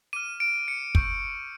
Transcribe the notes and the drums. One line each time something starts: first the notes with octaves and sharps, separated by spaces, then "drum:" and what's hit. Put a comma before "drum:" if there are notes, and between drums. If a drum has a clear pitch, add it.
D6 F6 D#7
D7
C#7
C#6 E6 G6, drum: kick